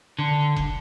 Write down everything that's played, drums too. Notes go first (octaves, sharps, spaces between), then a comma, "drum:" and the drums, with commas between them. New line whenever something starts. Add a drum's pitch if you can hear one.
D3
drum: kick F1